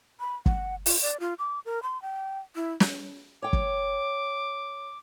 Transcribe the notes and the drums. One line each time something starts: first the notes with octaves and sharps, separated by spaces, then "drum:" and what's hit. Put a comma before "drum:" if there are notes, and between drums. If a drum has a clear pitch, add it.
B5
F#5, drum: kick
F4, drum: open hi-hat
D5
F4
D6
A#4
C6
G5
E4
drum: snare
C#5 G5 D6
drum: kick